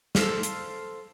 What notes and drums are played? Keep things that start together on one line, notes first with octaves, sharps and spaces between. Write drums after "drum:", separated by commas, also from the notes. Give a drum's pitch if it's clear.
A4 C5 F5, drum: snare
drum: hi-hat